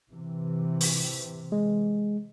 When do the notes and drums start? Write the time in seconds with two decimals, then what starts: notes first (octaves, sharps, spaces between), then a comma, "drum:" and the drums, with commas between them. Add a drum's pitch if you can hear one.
0.10 C3 E3
0.81 drum: open hi-hat
1.52 G#3